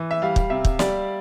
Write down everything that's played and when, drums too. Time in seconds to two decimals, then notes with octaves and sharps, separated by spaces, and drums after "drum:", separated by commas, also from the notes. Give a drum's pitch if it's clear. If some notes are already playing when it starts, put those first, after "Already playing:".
Already playing: E3
0.11 E5
0.22 G3 F5
0.36 drum: kick
0.50 C3 E5
0.65 drum: kick
0.79 G3 D5, drum: snare